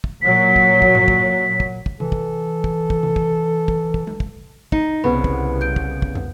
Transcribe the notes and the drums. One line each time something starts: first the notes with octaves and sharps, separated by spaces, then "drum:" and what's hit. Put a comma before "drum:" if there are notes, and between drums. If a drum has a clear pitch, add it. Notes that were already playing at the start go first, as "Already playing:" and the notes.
drum: kick
A#2 F#3 B6
drum: kick
drum: kick
drum: tom G2
drum: kick
drum: kick
drum: kick
E3 A4, drum: tom C3
drum: kick
drum: kick
drum: kick
drum: tom C3
drum: kick
drum: kick
drum: kick
drum: tom G#3
drum: kick
D#4, drum: kick
C2 C#3 B3 B4 B5
drum: kick
G6 D7
drum: kick
drum: kick
drum: tom